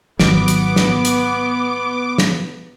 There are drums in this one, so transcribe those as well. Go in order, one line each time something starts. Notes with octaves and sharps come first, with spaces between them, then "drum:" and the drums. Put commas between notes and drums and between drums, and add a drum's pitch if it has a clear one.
G#1 D#3 F#3 B3 D6, drum: snare
drum: hi-hat
drum: snare
drum: hi-hat
drum: snare